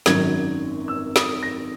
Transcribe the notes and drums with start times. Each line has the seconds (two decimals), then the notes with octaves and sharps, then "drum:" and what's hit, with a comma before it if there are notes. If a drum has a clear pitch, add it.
0.06 G#1 F#2 D#3 F#3 G#6, drum: snare
0.88 E6
1.16 D#6, drum: snare
1.43 A#6